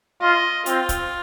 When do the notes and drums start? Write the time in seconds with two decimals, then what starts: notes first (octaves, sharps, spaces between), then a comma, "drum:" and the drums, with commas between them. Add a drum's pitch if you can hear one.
0.21 F4 D#5
0.66 C4 F4, drum: hi-hat
0.89 drum: kick, hi-hat